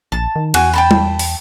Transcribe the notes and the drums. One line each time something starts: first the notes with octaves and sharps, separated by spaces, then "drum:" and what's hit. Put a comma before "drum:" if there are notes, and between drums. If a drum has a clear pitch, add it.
A#1 A5
D#3
E2 F#4 G#5, drum: cymbal
G5 A5 B5
drum: tom G3
drum: open hi-hat